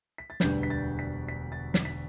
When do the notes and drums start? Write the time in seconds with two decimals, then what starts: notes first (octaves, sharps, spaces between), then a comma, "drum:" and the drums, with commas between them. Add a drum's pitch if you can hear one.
0.18 B6
0.30 A6
0.40 E1 D2 D3 G3 B3 G6, drum: snare
0.63 B6
0.70 A6
0.99 B6
1.29 B6
1.52 A6
1.74 B6, drum: snare
1.85 B6